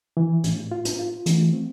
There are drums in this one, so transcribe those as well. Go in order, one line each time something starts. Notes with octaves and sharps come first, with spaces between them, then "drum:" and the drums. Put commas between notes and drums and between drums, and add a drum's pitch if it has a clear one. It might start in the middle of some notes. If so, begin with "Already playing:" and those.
E3
A2, drum: hi-hat
F4
drum: hi-hat
F4
E3 A3, drum: hi-hat
C4